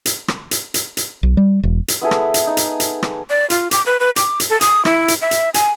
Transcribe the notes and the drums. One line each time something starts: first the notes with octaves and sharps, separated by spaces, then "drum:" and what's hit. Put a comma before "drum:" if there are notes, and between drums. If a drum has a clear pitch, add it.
drum: hi-hat
drum: rim click
drum: hi-hat
drum: hi-hat
drum: hi-hat
B1
G3
E1
drum: hi-hat
B3 E4 G#4 A4
drum: rim click
drum: hi-hat
D#4
drum: hi-hat
drum: hi-hat
drum: rim click
D5
F4, drum: hi-hat
D6, drum: hi-hat
B4
B4
D6, drum: hi-hat
drum: hi-hat
A4
D#6, drum: hi-hat
E4, drum: rim click
drum: hi-hat
E5
drum: hi-hat
G#5, drum: hi-hat